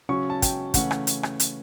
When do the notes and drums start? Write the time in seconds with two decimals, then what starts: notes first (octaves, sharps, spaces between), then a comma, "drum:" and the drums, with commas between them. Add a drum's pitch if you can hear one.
0.09 C#3 F#3 C#4 C#6
0.30 A5
0.42 G5, drum: kick, hi-hat
0.74 C#3 E3 A3 C#4 F#5, drum: kick, hi-hat
0.91 drum: rim click
1.07 drum: hi-hat
1.23 drum: rim click
1.40 drum: hi-hat